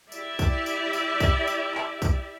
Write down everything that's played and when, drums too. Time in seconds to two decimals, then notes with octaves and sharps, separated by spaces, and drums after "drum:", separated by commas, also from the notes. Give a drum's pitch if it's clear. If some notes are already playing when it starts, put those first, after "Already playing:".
0.12 E4 G4 D5 E5, drum: tambourine
0.39 drum: kick B1, tambourine
0.66 drum: tambourine
0.93 drum: tambourine
1.20 drum: kick B1, tambourine
1.48 drum: tambourine
1.75 drum: clap
2.02 drum: kick B1, tambourine